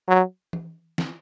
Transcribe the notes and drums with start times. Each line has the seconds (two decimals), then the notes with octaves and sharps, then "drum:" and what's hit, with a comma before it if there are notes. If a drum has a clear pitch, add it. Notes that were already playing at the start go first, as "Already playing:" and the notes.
0.08 F#3
0.53 drum: tom E3
0.98 drum: snare